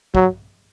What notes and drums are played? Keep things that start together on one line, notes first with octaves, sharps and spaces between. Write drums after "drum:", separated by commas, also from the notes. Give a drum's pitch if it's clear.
F#3, drum: kick